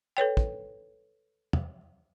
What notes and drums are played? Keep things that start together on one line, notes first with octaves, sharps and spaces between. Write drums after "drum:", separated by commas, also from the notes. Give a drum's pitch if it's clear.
A4 B4 C#5 G5
drum: kick
drum: tom